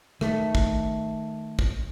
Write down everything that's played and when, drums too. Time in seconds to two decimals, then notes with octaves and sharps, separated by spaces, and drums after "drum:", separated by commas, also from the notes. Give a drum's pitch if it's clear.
0.21 D#3 A3, drum: rim click
0.55 drum: kick
1.59 drum: kick